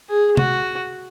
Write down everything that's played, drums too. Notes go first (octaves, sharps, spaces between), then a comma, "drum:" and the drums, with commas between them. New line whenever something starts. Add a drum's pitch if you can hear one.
G#4
F#4, drum: tom C3